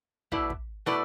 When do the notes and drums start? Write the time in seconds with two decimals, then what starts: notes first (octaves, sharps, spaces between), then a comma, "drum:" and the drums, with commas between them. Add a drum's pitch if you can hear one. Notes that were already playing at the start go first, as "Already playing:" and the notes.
0.32 B2 A3 E4 B4 D5, drum: kick
0.50 drum: kick
0.86 B2 A3 E4 B4 D5, drum: snare